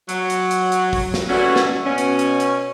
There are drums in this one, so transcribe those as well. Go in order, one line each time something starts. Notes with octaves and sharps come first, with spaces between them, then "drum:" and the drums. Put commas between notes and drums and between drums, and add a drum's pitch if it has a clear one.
F#3, drum: hi-hat
drum: hi-hat
drum: hi-hat
drum: hi-hat
drum: kick, open hi-hat
drum: snare
E3 F#3 G3 A3 C#4 F#4
drum: snare
B2 C#4
drum: hi-hat
drum: hi-hat
drum: hi-hat